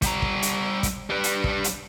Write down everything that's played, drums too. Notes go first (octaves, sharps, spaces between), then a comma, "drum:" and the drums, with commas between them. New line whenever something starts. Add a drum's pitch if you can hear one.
G3 A#5, drum: kick, hi-hat
drum: kick
drum: hi-hat
drum: kick, hi-hat
G3 B4
drum: hi-hat
drum: kick
drum: hi-hat